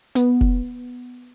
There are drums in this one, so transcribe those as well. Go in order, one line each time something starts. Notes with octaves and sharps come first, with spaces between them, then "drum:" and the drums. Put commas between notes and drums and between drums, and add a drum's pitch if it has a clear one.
B3, drum: hi-hat
drum: kick F1